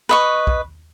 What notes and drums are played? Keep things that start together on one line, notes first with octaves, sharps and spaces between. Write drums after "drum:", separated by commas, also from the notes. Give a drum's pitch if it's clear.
B4 D#5 C#6
drum: kick